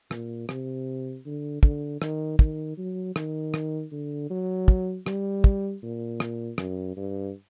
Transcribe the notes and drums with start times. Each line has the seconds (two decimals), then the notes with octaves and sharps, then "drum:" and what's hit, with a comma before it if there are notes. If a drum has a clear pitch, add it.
0.11 A#2, drum: rim click
0.49 C3, drum: rim click
1.26 D3
1.63 D3, drum: kick
2.02 D#3, drum: rim click
2.39 D#3, drum: kick
2.77 F#3
3.16 D#3, drum: rim click
3.54 drum: rim click
3.92 D3
4.30 F#3
4.68 drum: kick
5.06 G3, drum: rim click
5.44 drum: kick
5.83 A#2
6.20 drum: rim click
6.58 F#2, drum: rim click
6.97 G2